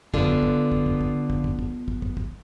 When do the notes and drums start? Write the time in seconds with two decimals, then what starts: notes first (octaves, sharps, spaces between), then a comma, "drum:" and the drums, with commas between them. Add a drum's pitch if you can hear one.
0.14 D3 B3 F4, drum: kick
0.28 drum: kick
0.43 drum: kick
0.72 drum: kick
0.86 drum: kick
1.01 drum: kick
1.30 drum: kick
1.44 drum: kick
1.59 drum: kick
1.88 drum: kick
2.02 drum: kick
2.17 drum: kick